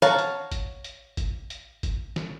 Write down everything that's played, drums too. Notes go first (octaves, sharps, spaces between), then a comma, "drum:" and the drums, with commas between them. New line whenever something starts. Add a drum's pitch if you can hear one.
C#5 F5 F#5 A5 A#5, drum: snare
drum: hi-hat
drum: kick G#1, hi-hat
drum: hi-hat
drum: kick G#1, hi-hat
drum: hi-hat
drum: kick G#1, hi-hat
drum: snare